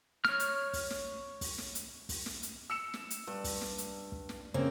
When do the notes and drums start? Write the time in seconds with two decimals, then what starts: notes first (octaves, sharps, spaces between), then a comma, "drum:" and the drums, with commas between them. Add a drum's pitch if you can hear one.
0.25 C#5 F6, drum: snare
0.40 drum: hi-hat
0.73 drum: kick, open hi-hat
0.90 drum: snare
1.41 drum: kick, open hi-hat
1.58 drum: snare
1.75 drum: hi-hat
2.09 drum: kick, open hi-hat
2.26 drum: snare
2.43 drum: hi-hat
2.70 E6 C#7 E7
2.94 drum: snare
3.10 drum: hi-hat
3.27 G2
3.44 drum: kick, open hi-hat
3.61 drum: snare
3.78 drum: hi-hat
4.12 drum: kick
4.29 drum: snare
4.54 C#3 A#3 C4